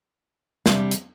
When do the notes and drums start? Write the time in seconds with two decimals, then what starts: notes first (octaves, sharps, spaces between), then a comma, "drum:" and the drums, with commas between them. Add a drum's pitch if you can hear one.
0.66 C3 G3 D4, drum: snare
0.91 drum: hi-hat